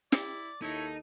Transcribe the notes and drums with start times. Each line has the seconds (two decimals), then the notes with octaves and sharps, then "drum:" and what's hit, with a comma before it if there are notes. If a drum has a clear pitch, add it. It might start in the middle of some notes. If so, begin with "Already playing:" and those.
0.12 E4 D5, drum: snare
0.62 D#2 D#4 E4 A4 C#5